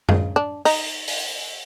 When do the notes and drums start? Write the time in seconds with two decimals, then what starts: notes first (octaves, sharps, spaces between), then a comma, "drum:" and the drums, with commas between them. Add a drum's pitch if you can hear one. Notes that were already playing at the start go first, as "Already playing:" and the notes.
0.09 C#3, drum: tom F#2
0.36 D4
0.65 D#4, drum: open hi-hat
1.08 drum: open hi-hat